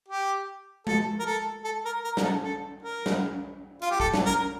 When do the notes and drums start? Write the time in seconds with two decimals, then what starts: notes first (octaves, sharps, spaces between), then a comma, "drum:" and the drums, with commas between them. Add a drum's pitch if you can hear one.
0.08 G4
0.87 A4, drum: tom G#3
1.19 A#4
1.26 A4
1.64 A4
1.85 A#4
2.04 A#4
2.17 A#4, drum: snare
2.23 A4
2.43 A4
2.82 A#4
3.06 drum: snare
3.82 F4, drum: hi-hat
3.90 G4
4.00 A4, drum: kick
4.14 drum: snare
4.25 A#4